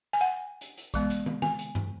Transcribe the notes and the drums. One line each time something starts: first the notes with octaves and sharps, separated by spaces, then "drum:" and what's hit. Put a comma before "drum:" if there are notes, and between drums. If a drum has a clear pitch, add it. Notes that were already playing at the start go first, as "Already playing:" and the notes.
G#5
F#5
drum: hi-hat
drum: hi-hat
E3 G#3 B3, drum: kick, hi-hat
drum: hi-hat
drum: tom
G#5, drum: tom
drum: hi-hat
drum: tom G2